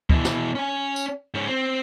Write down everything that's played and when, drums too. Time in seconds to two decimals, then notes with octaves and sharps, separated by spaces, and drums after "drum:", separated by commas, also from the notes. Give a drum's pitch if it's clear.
0.10 B2 E3, drum: kick
0.25 drum: snare
0.55 C#4 G#5
0.96 drum: tambourine
1.34 G#2 C#4
1.48 C4